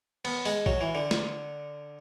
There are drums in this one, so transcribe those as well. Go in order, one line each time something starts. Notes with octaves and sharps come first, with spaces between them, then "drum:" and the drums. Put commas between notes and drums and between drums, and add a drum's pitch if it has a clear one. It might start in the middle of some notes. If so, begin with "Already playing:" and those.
B3, drum: cymbal
G#3, drum: open hi-hat
F#3, drum: kick
E3
D3
drum: snare